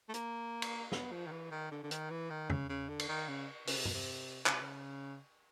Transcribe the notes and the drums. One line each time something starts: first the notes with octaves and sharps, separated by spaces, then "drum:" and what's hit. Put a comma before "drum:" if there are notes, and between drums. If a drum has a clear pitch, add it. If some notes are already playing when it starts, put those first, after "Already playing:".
A3
A#3, drum: hi-hat
drum: cymbal
B3, drum: snare
F3
D#3
E3
D#3
D3
D3
D#3, drum: hi-hat
E3
D#3
C#3, drum: tom
C#3
D3
drum: cymbal
D#3
C#3
C#3, drum: open hi-hat
C3
B2, drum: tom G2
C3
C#3, drum: clap
C3
C#3